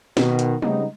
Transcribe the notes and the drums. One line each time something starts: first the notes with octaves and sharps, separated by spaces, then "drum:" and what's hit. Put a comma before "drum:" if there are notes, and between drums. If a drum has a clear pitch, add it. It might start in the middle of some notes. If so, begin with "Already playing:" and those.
B2 D#3, drum: snare
drum: hi-hat
C#3 G3 B3 C4 D#4, drum: tom G#3